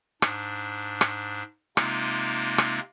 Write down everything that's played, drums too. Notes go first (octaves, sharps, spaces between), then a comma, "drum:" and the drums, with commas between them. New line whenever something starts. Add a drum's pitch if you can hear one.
G#2 D4, drum: rim click
drum: rim click
C3 G#3 A#3 C4 D#4 F4, drum: rim click
drum: rim click